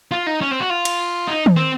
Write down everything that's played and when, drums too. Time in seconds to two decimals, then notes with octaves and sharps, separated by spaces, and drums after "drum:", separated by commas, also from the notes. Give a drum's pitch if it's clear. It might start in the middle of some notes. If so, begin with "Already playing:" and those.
0.11 F4
0.27 D#4
0.41 C#4
0.51 C4
0.60 F#4
0.70 F4
0.85 drum: cymbal
1.27 D#4
1.46 drum: tom
1.56 C4